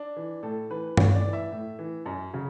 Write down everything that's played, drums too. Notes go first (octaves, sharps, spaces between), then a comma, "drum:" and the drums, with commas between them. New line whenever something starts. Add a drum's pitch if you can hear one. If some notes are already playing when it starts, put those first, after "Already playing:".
Already playing: D4
E3
A2 A4
E3 B4
A2 C#5, drum: tom G2
D5
E3
E5
A2
E3
F#2
C#3 F#3